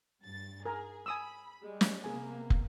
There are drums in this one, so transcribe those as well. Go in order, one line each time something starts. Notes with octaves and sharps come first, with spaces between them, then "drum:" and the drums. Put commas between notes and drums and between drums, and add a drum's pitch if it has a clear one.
G2 A6
G#4 A#4 G#5 A#5
G#5 B5 D#6 E6
G3 G#3
drum: snare
C3 A#3 B3 G#4 G#5
drum: kick